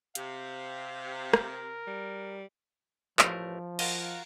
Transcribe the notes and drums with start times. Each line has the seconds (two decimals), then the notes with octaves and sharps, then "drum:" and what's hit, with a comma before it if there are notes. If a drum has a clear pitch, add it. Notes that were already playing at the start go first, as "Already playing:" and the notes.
0.15 C3 F5, drum: hi-hat
1.33 A#4, drum: rim click
1.87 G3
3.19 A1 F3 A3 A#4, drum: clap
3.79 F4 F#4 A#4 D#5, drum: cymbal